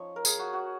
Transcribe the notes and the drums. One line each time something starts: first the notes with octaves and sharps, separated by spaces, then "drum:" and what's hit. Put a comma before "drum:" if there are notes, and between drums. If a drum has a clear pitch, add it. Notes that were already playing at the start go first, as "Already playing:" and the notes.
Already playing: F3 C#4 D#4 C#5
A#4
G#4, drum: tambourine
F#4
F#4